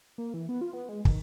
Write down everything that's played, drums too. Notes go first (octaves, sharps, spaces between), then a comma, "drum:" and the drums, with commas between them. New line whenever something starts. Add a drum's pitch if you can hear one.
A#3
E3
B3
F4
B3
G#3
D#3, drum: kick